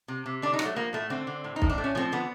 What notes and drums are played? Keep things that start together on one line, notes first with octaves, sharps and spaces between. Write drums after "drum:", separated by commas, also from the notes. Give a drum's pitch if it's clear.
C3
C3
D3 D4
D#4
F#3, drum: rim click
A3
F3 A#3
A2 A3
D3 C4
D3
A2
D#4
A2, drum: kick
D4
A3
C#4
F3 C4
D3 B3